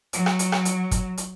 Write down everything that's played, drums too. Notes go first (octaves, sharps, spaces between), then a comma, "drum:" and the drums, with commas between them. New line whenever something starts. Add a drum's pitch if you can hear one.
F#3, drum: hi-hat
drum: rim click
drum: hi-hat
drum: rim click
drum: hi-hat
drum: kick, hi-hat
drum: hi-hat